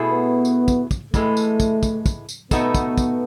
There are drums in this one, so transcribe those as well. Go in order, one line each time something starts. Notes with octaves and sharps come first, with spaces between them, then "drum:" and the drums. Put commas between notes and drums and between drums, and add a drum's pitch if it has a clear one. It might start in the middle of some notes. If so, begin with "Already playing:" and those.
Already playing: B2 A3 E4 G#4
B3
drum: tambourine
drum: kick, tambourine
drum: kick, tambourine
A2 E3 G#3 A3, drum: kick, tambourine
drum: tambourine
drum: kick, tambourine
drum: kick, tambourine
drum: kick, tambourine
drum: tambourine
B2 A3 B3 D#4 F#4 A4, drum: kick, tambourine
drum: kick, tambourine
drum: kick, tambourine